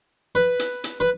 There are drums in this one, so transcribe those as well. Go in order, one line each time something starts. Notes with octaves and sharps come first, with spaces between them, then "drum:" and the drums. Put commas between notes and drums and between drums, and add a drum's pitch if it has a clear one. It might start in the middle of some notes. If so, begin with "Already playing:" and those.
B4
drum: hi-hat
drum: hi-hat
B4